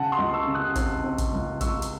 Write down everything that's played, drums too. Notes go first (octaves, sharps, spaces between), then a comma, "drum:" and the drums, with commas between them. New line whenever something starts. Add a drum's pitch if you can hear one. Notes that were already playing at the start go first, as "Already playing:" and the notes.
Already playing: C#3 F#5 A5
C6 D#6
C#2
C#6 E6
C#3
D#6 F#6
C4, drum: kick, hi-hat
C4
drum: kick, hi-hat
C#2
C#2 C#6 E6, drum: kick, hi-hat
drum: hi-hat